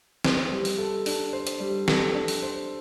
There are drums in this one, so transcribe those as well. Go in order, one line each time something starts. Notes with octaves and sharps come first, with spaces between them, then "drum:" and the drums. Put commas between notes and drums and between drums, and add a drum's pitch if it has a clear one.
C5, drum: snare
G3
drum: open hi-hat
A4
D4, drum: open hi-hat
C5
drum: hi-hat
G3
A4, drum: snare
D4
drum: open hi-hat
C5